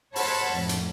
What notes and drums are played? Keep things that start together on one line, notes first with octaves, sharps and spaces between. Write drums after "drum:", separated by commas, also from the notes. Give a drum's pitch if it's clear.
C5 C#5 F#5 A5 B5, drum: open hi-hat
F2 A2
drum: hi-hat